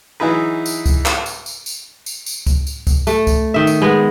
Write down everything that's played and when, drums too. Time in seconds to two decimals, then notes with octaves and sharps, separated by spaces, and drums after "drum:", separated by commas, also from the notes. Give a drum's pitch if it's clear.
0.20 E3 F#3 D#4 E4 G#4 B4
0.66 drum: tambourine
0.86 drum: kick C#2, tambourine
1.06 drum: clap
1.26 drum: tambourine
1.46 drum: tambourine
1.66 drum: tambourine
2.06 drum: tambourine
2.26 drum: tambourine
2.47 drum: kick C#2, tambourine
2.67 drum: tambourine
2.87 drum: kick C#2, tambourine
3.07 A3, drum: tambourine
3.27 drum: kick C#2, tambourine
3.54 D#3 E5
3.67 drum: tambourine
3.82 G#3 B3